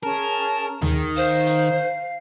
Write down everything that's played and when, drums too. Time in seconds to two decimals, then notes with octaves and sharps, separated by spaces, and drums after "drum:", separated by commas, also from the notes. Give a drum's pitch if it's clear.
0.03 C#4 G#4 A#4 A5
0.82 D#3 G#4, drum: tom D2
1.17 C5 F5
1.46 drum: hi-hat